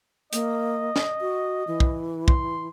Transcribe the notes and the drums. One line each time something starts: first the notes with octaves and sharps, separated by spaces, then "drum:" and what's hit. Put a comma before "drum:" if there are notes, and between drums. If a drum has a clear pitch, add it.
A#3 D#5, drum: hi-hat
drum: snare
F#4
E3
drum: kick
C6, drum: kick